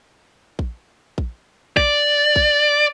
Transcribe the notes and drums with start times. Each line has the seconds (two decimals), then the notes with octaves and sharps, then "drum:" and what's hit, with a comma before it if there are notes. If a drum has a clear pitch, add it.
0.59 drum: kick A#1
1.18 drum: kick A#1
1.77 D5, drum: kick A#1
2.36 drum: kick A#1